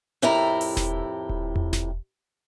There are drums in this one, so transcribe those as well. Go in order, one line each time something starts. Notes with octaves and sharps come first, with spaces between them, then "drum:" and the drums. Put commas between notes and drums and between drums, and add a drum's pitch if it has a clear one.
F2 A2 E4 G4 A#4 A#5
drum: open hi-hat
drum: snare E1
drum: kick D#1
drum: tom E2
drum: snare E1